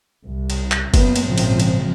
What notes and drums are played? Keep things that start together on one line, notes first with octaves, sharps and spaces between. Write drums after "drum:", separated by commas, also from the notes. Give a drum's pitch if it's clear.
C2
drum: cymbal
drum: clap
F#2 A#2 A#3 B3, drum: kick, cymbal
drum: cymbal
G#1 A#2 C#3 F3 C4
drum: cymbal
drum: cymbal